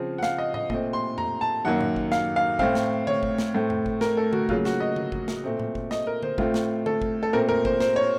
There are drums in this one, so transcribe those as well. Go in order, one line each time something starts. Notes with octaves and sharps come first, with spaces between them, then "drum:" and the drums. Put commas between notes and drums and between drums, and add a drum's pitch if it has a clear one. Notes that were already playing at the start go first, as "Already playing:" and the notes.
Already playing: C#3 F3 C4
F#5
F5, drum: snare
D#5
D#5, drum: tom A2
A#2 A3 C4 D#5, drum: kick G1
C6
A#5, drum: tom F2
A5
F#2 D#3 F#3 A#3 F#5
drum: tom A2
drum: kick G1
F5, drum: snare
F5
A2 A3 C4 F5, drum: kick G1
drum: snare
C#5, drum: tom D3
drum: kick G1
drum: snare
A2 A3 C4
drum: tom F2
drum: kick G1
A#4, drum: snare
A4
F#4, drum: tom D3
C#3 F#3 A#3 F4, drum: kick G1
F#4, drum: snare
D#5
drum: tom D3
drum: kick G1
drum: snare
A#2 A3 C4
drum: tom A2
drum: kick G1
D#5, drum: snare
A#4
C5, drum: tom D3
A2 A3 C4 F4, drum: kick G1
drum: snare
A4, drum: tom D3
drum: kick G1
A4
A#2 A3 C4 A#4
A#4, drum: tom F2
C5, drum: kick G1
C5, drum: snare
C#5